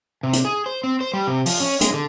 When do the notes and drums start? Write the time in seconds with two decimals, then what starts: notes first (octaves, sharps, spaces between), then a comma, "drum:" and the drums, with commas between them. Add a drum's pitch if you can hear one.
0.23 C3
0.33 drum: hi-hat
0.45 G#4
0.66 C5
0.84 C4
1.01 C5
1.14 G3
1.27 C3
1.46 F3, drum: open hi-hat
1.60 C#4
1.81 G#3, drum: hi-hat
1.94 D3